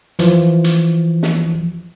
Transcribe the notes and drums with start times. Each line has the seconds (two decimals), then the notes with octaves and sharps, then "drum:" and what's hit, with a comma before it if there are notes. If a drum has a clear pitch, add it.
0.19 E3 F3, drum: hi-hat
0.64 drum: hi-hat
1.23 drum: snare